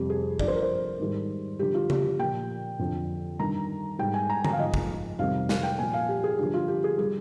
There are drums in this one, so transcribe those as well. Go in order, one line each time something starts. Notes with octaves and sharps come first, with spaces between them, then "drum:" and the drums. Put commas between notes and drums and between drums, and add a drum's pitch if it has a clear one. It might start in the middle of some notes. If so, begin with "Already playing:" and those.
Already playing: F2 C3 G3 G4
G#4
G2 F3 D5, drum: kick
C5
A#4
C5
G#2 D#3 G3
G2 D3 F3 G4
F4
G4, drum: tom C#3
A#2 F3 G5
F2 D3 F3
G2 D#3 G3 A#5
G#2 G3 G5
G#5
A#5
A#5, drum: tom D3
F5
G#2 F3 D#5
drum: kick
F2 C3 D#3 G3 F5
F5, drum: snare
G5
A#2 F3 G#5
F5
G4
G#4
G2 D3 F3 G4
F4
G4
G#4
G3 G#4